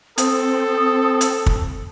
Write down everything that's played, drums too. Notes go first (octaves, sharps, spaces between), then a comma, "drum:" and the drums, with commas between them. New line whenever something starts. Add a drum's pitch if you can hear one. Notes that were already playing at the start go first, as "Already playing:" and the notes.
C4 A4 D#6, drum: hi-hat
drum: hi-hat
drum: kick